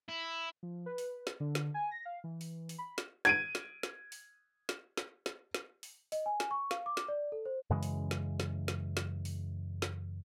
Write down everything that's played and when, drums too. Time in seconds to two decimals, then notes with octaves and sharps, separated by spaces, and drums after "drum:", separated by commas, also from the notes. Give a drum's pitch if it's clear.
0.09 E4
0.63 F3
0.86 B4
0.98 drum: open hi-hat
1.27 drum: snare
1.40 D3
1.55 drum: snare
1.74 G#5
1.91 A#6
2.05 F5
2.24 E3
2.41 drum: open hi-hat
2.69 drum: open hi-hat
2.78 B5
2.98 drum: snare
3.25 G#6 D7 D#7, drum: snare
3.55 drum: snare
3.83 drum: snare
4.12 drum: open hi-hat
4.69 drum: snare
4.97 drum: snare
5.26 drum: snare
5.54 drum: snare
5.83 drum: open hi-hat
6.12 D#5, drum: open hi-hat
6.26 G#5
6.40 drum: snare
6.51 C#6
6.71 F5, drum: snare
6.86 D6
6.97 drum: snare
7.08 D5
7.32 A4
7.45 C5
7.70 F#2 C#3 E3 G#3
7.83 drum: open hi-hat
8.11 drum: snare
8.40 drum: snare
8.68 drum: snare
8.97 drum: snare
9.25 drum: open hi-hat
9.82 drum: snare